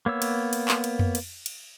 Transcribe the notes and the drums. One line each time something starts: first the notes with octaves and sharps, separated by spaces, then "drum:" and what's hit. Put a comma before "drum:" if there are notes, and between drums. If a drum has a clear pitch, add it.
A#3 B3 C#5 E6
drum: cymbal
drum: cymbal
drum: clap
drum: cymbal
drum: tom F2
drum: cymbal
drum: cymbal